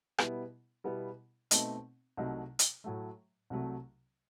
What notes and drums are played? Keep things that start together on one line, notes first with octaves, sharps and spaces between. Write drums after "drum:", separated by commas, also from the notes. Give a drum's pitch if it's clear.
B2 G3 B3 E4, drum: rim click
B2 G3 B3 E4
B2 A3 C4 D#4, drum: hi-hat
C2 C3 F#3 A3 D#4
drum: hi-hat
A2 F#3 A3
C2 C3 F#3 A3